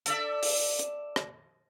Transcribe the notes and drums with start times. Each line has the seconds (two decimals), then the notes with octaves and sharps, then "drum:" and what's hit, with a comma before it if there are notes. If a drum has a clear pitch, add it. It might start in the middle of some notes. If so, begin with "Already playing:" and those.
0.06 A4 D5 E5, drum: hi-hat
0.43 drum: open hi-hat
0.79 drum: hi-hat
1.16 drum: rim click